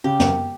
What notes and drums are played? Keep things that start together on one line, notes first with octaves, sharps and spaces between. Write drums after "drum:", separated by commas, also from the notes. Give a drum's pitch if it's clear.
C#3 G4
F#2, drum: snare